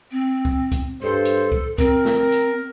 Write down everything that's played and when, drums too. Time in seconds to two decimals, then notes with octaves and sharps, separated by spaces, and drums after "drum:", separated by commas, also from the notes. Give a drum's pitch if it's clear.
0.12 C4
0.45 drum: kick C#2
0.72 drum: kick C#2, hi-hat
1.03 G2 A4 C5
1.25 drum: hi-hat
1.52 drum: kick C#2
1.78 C4 A#4, drum: kick C#2, hi-hat
2.05 drum: snare
2.32 drum: hi-hat